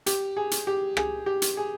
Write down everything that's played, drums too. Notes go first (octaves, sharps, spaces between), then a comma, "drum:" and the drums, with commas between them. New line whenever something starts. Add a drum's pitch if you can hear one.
G4, drum: hi-hat
G#4
drum: hi-hat
G4
G#4, drum: rim click
G4
drum: hi-hat
G#4